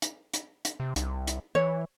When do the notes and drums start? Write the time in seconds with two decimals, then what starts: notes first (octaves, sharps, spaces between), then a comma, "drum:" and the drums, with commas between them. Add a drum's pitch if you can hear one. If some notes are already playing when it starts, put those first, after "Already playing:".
0.02 drum: hi-hat
0.34 drum: hi-hat
0.65 drum: hi-hat
0.80 C3
0.96 C2, drum: hi-hat
1.27 drum: hi-hat
1.55 E3 C#5